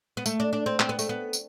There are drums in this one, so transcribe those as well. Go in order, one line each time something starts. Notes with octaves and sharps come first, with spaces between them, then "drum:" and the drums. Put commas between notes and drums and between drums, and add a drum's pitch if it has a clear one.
B3
A3, drum: tambourine
D4
D4
C4
C4, drum: clap
B3
A3, drum: tambourine
B3
drum: tambourine